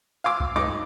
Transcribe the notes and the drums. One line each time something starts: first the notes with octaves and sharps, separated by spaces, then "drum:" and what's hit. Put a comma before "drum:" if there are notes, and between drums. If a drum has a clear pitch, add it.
F5 G#5 C6 D6 E6
drum: kick C2
G2 D#4 B4 D#5 D6